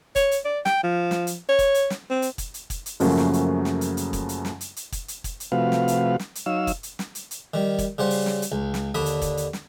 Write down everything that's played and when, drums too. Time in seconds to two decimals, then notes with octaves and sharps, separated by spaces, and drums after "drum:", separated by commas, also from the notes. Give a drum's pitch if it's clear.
0.16 C#5, drum: kick, hi-hat
0.31 drum: hi-hat
0.45 D5
0.65 G5, drum: snare
0.84 F3
1.11 drum: snare
1.27 drum: hi-hat
1.49 C#5
1.59 drum: kick, hi-hat
1.75 drum: hi-hat
1.90 drum: snare
2.10 C4
2.22 drum: hi-hat
2.38 drum: kick, hi-hat
2.54 drum: hi-hat
2.70 drum: kick, hi-hat
2.86 drum: hi-hat
3.00 F#2 C#3 F3 F#3 A3 A#3, drum: open hi-hat
3.18 drum: snare
3.33 drum: hi-hat
3.65 drum: snare
3.81 drum: hi-hat
3.97 drum: hi-hat
4.13 drum: kick, hi-hat
4.29 drum: hi-hat
4.45 drum: snare
4.61 drum: hi-hat
4.76 drum: hi-hat
4.92 drum: kick, hi-hat
5.08 drum: hi-hat
5.24 drum: kick, hi-hat
5.40 drum: hi-hat
5.52 C3 F3 A3 F#4 B4 F5
5.72 drum: snare
5.88 drum: hi-hat
6.20 drum: snare
6.35 drum: hi-hat
6.46 F#3 D#4 C#5 F5 E6
6.67 drum: kick, hi-hat
6.83 drum: hi-hat
6.99 drum: snare
7.15 drum: hi-hat
7.31 drum: hi-hat
7.54 D#3 G3
7.78 drum: kick, hi-hat
7.98 C#3 G3 C5 F#5
8.10 drum: open hi-hat
8.26 drum: snare
8.42 drum: hi-hat
8.52 C#2
8.74 drum: snare
8.95 D#2 D3 D4 B5 D#6
9.06 drum: hi-hat
9.22 drum: kick, hi-hat
9.37 drum: hi-hat
9.53 drum: snare